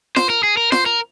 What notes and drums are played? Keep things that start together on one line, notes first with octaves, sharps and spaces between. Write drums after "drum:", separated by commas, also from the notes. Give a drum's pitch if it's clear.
C5, drum: snare F4
A#4
G#4
A#4
C5, drum: snare F4
A#4